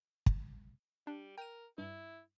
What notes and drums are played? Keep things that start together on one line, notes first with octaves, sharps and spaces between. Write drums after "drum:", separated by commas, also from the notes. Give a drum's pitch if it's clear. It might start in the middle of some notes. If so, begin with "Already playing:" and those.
drum: kick
G3 D4
A#4 G5 D#7
G2 E4